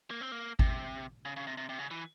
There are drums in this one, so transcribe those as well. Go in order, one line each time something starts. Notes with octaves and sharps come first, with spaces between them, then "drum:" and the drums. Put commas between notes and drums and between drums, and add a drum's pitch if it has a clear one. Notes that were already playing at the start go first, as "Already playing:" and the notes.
A#3
C4
A#3
C3, drum: kick G#1
C#3
C#3
C3
C3
C3
C#3
E3